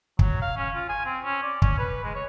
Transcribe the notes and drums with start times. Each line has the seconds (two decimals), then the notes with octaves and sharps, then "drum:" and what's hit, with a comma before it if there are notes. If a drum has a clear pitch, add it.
0.19 F#3, drum: kick
0.41 F5
0.56 C#4
0.75 F4
0.89 G#5
1.05 C4
1.24 C#4
1.43 D5
1.62 C#4, drum: kick
1.78 B4
2.03 G#3
2.15 C#5